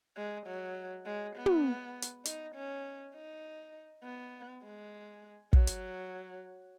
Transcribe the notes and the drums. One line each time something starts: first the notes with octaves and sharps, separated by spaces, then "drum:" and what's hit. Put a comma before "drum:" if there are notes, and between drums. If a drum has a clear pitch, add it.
G#3
F#3
G#3
B3
drum: tom
drum: hi-hat
D#4, drum: hi-hat
C#4
D#4
B3
G#3
F#3, drum: kick
drum: hi-hat